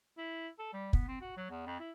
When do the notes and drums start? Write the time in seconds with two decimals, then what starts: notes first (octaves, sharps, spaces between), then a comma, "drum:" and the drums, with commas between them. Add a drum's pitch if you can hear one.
0.18 E4
0.59 A4
0.73 G3
0.93 B3, drum: kick
1.08 C4
1.21 F#4
1.37 F#3
1.50 E2
1.66 F2
1.80 E4